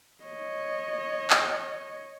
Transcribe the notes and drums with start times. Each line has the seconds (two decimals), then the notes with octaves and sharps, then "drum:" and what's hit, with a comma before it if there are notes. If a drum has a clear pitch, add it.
0.24 C#5 D#5
1.30 drum: clap